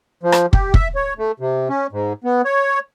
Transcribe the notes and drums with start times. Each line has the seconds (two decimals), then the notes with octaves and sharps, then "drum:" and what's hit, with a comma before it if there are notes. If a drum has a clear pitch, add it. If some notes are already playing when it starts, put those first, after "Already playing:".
0.23 F3
0.32 drum: rim click
0.53 G4, drum: kick
0.74 E5, drum: kick
0.95 C#5
1.18 A3
1.40 C3
1.69 C#4
1.92 G#2
2.24 B3
2.45 C#5